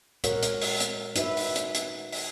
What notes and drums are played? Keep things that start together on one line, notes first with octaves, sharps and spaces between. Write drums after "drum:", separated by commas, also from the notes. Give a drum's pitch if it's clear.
A#2 G#3 F#4 A#4 C#5 F#5, drum: hi-hat
drum: hi-hat
drum: open hi-hat
drum: hi-hat
D#4 F#4 B4 E5, drum: hi-hat
drum: open hi-hat
drum: hi-hat
drum: hi-hat
drum: open hi-hat